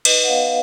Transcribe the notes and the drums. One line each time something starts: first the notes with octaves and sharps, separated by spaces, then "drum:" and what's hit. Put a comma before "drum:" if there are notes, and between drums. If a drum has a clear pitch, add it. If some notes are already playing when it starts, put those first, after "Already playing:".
D#4 B4 D#5, drum: cymbal
F#5
B3 C#5 F5
F5